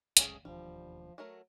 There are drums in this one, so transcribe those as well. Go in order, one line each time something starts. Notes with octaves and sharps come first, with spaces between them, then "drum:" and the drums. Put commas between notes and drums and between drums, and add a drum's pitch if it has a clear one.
F#1 C#2 C3 A3 C#4 G#4, drum: hi-hat
E1 D#2 F3 G3 D4
F#3 A3 A#4